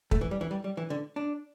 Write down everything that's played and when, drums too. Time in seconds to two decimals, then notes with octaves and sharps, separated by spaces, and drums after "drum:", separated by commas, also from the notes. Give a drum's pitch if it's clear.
0.11 A3, drum: kick
0.21 E3
0.31 G3
0.41 E3
0.51 G3
0.64 G3
0.77 E3
0.90 D3
1.16 D4